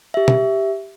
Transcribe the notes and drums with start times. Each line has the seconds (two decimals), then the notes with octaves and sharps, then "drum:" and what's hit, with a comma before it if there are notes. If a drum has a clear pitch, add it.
0.14 G4 E5
0.28 drum: tom